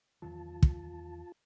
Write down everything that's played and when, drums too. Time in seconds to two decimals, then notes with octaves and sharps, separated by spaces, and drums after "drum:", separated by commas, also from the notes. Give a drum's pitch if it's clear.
0.22 E2 D#3 F#3 F4 A5
0.63 drum: kick